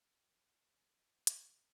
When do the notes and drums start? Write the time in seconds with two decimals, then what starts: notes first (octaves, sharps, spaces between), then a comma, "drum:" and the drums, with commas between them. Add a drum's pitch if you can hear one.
0.14 G4
0.35 F3 D4 G#4 A#5
0.74 F#4 G#5 B5
1.27 C#5, drum: hi-hat